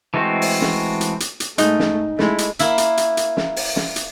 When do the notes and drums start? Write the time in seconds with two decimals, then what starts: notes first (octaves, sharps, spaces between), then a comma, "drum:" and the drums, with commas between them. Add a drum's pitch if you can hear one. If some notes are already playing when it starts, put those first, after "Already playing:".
0.14 E3 G#3 A3 C4 F#4
0.42 drum: open hi-hat
0.61 drum: snare
1.01 drum: hi-hat
1.20 drum: hi-hat
1.40 drum: hi-hat
1.58 G#2 A3 D#4, drum: hi-hat
1.79 drum: snare
2.19 G#3 A3 E4, drum: snare
2.38 drum: hi-hat
2.59 A#3 E4 E5, drum: hi-hat
2.78 drum: hi-hat
2.97 drum: hi-hat
3.17 drum: hi-hat
3.37 drum: snare
3.56 drum: open hi-hat
3.76 drum: snare
3.96 drum: hi-hat